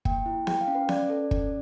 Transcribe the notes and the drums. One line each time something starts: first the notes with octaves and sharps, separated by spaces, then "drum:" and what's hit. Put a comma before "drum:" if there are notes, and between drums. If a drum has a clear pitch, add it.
A#3 G5, drum: kick
E4
G#4 G5, drum: snare B3
F5
C#4
B4
C#4 D5, drum: snare B3
A4
C#4, drum: kick